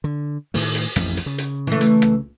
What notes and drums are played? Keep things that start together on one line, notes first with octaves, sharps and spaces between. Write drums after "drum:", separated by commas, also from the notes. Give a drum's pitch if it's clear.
D3
A2 D#3 A3, drum: open hi-hat
drum: hi-hat
A1 F2, drum: rim click
drum: hi-hat
C#3
drum: hi-hat
E3 A3
drum: hi-hat
drum: rim click